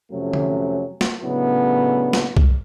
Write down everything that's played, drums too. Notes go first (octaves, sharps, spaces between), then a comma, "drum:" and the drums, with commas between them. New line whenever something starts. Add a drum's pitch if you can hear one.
F2 C3 F#3 A3 C#4
drum: tom D3
drum: snare
A2 C#3 F#3 B3 D4 E4
drum: snare
drum: kick C2